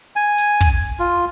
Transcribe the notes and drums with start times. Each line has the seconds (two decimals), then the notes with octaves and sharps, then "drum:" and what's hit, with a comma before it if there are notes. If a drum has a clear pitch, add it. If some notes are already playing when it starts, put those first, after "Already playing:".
0.16 G#5
0.38 drum: hi-hat
0.61 drum: kick
1.00 F4